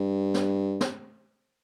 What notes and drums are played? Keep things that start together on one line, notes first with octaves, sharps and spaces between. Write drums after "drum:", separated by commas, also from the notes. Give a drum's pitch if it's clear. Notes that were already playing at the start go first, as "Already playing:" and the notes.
Already playing: G2
drum: snare
drum: snare